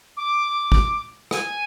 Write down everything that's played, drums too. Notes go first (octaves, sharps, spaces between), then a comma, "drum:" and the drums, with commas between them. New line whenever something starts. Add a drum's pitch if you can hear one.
D6
drum: kick G#1
G#5, drum: rim click